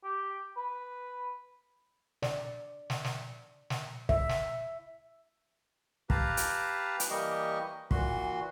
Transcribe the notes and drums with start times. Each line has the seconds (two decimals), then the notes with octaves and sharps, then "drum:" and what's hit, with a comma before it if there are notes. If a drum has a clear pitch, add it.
0.04 G4
0.57 B4
2.23 D5, drum: snare
2.90 drum: snare
3.04 drum: snare
3.70 drum: snare
4.09 E5, drum: kick
4.29 drum: snare
6.10 G4 B4 F5 A5 A#5, drum: kick
6.37 drum: hi-hat
7.00 drum: hi-hat
7.10 E3 G3 A#3 G4 D#5 C#6
7.91 A#2 E3 F#4 C6, drum: kick